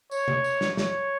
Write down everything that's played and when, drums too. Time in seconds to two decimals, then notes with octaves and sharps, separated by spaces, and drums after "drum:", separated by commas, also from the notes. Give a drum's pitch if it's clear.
0.11 C#5, drum: tambourine
0.28 drum: tom C3
0.44 drum: tambourine
0.61 drum: snare
0.77 C#5, drum: snare